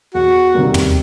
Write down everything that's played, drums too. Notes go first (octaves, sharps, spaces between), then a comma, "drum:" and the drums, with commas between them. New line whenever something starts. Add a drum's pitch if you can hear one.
E2 F#4
C3 D#3 G3 A#3
drum: tom